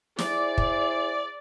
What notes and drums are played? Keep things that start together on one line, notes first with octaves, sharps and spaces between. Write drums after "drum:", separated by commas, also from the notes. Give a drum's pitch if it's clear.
E4 G#4 C5 D5, drum: snare
drum: kick